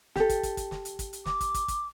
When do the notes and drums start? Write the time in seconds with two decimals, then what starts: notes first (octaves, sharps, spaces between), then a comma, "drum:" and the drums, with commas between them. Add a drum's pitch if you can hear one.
0.16 G4 A4, drum: snare
0.29 drum: kick, hi-hat
0.43 drum: kick, hi-hat
0.57 drum: kick, hi-hat
0.71 drum: snare
0.85 drum: hi-hat
0.99 drum: kick, hi-hat
1.13 drum: hi-hat
1.26 D6, drum: snare
1.41 drum: kick, hi-hat
1.54 drum: kick, hi-hat
1.68 drum: kick, hi-hat